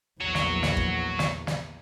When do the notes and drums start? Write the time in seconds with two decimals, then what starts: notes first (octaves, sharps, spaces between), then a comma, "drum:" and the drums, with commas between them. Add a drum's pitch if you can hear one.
0.21 A#1 E2 F#4 C#5
0.35 drum: snare
0.63 drum: snare
0.77 drum: kick
1.19 drum: snare
1.47 drum: snare